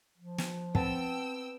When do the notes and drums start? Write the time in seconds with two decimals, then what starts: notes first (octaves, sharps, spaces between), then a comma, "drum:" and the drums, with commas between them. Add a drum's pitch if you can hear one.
0.18 F3
0.38 drum: snare
0.75 B3 C4 G5 A5 E6, drum: kick